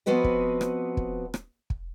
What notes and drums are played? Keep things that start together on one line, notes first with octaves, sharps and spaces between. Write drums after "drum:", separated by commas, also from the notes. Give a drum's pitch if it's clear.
F3 B3 C4 F#4 B4 D#5
drum: kick
drum: rim click
drum: kick
drum: rim click
drum: kick